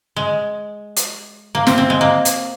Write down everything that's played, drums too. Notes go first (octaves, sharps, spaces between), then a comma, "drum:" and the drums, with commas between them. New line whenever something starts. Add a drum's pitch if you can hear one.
G#3
drum: hi-hat
A#3
C4, drum: snare
C4
G#3
A#3
drum: hi-hat